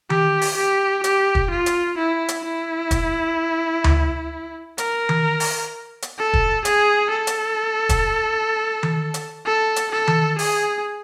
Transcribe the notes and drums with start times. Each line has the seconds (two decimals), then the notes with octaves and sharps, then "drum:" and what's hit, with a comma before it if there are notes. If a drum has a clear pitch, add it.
0.10 G4, drum: tom D#3
0.42 drum: open hi-hat
0.57 G4
1.04 G4, drum: hi-hat
1.35 drum: kick
1.51 F4
1.66 drum: hi-hat
1.98 E4
2.28 drum: hi-hat
2.44 E4
2.91 drum: kick, hi-hat
3.84 drum: tom D2
4.78 A#4, drum: hi-hat
5.09 drum: tom D#3
5.40 drum: open hi-hat
6.02 drum: hi-hat
6.18 A4
6.34 drum: kick
6.65 G#4, drum: hi-hat
7.11 A4
7.27 drum: hi-hat
7.89 drum: kick, hi-hat
8.83 drum: tom D#3
9.14 drum: hi-hat
9.45 A4
9.76 drum: hi-hat
9.92 A4
10.07 drum: tom D#3
10.39 G#4, drum: open hi-hat